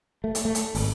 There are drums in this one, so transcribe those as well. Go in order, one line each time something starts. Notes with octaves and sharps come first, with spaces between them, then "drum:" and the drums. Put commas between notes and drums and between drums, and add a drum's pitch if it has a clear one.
A3
drum: hi-hat
A3
drum: hi-hat
G#1, drum: open hi-hat